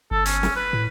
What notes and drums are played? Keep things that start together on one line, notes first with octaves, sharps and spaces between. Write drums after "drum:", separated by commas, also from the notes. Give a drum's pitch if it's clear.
G1 A4
C#4, drum: hi-hat
drum: snare
B4
A2